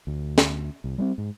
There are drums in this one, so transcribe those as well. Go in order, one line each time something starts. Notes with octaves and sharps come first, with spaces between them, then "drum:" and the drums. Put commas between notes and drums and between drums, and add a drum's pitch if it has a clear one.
D2
drum: snare
C2
G3 A3 C4
G#2